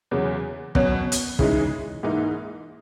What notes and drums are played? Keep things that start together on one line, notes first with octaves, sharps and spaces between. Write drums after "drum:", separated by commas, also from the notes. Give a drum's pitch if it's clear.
E2 C#3 F#3
B2 F#3 C#4, drum: kick
drum: hi-hat
C#3 E3 G#3 D#4, drum: kick
G#2 E3 A#3 D#4